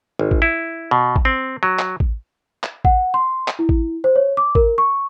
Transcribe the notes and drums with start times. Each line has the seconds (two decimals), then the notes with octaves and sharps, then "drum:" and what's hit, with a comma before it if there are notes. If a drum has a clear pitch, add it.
0.19 G#1
0.31 drum: kick A1
0.42 E4
0.91 B2
1.16 drum: kick A1
1.25 C4
1.63 F#3
1.79 drum: clap
2.00 drum: kick A1
2.63 drum: clap
2.85 F#5, drum: kick A1
3.14 C6
3.48 drum: clap
3.59 E4
3.69 drum: kick A1
4.04 C5
4.16 C#5
4.37 D6
4.55 A#4, drum: kick A1
4.78 C#6